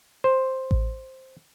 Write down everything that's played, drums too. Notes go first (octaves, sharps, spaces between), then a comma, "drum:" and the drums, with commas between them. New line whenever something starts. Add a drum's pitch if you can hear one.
C5
drum: kick A1